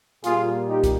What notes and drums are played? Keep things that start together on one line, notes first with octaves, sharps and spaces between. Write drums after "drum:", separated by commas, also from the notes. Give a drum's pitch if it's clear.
A#2 G3 A#3 F4 G#4, drum: hi-hat
D#4 G4
drum: kick, hi-hat